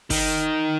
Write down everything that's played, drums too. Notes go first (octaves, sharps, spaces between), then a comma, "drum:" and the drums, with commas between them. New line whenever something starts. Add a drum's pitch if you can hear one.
D#3, drum: kick, open hi-hat